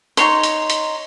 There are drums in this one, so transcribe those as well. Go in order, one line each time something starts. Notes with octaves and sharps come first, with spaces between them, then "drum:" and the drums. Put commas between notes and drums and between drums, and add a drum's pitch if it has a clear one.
D#4 C#5 C6, drum: hi-hat
drum: hi-hat
drum: hi-hat